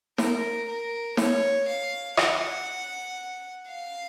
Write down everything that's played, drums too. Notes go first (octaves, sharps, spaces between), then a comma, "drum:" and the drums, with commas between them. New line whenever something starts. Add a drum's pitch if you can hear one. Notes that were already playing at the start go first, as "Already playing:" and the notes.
A#4, drum: snare
A#4
C#5, drum: snare
F5
F#5, drum: rim click
F5